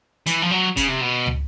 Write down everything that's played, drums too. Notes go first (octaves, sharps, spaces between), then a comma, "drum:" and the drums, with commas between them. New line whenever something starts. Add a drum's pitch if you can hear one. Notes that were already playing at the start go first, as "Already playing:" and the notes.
E3, drum: hi-hat
F3
F#3
C#3, drum: kick, hi-hat
C3
B2
drum: tom